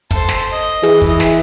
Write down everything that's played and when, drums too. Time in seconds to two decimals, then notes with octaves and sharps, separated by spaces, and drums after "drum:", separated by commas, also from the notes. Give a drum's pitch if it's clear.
0.11 A4 C5, drum: kick, hi-hat
0.29 drum: snare
0.52 D#5
0.83 E3 G#4, drum: hi-hat
1.02 drum: kick
1.20 drum: snare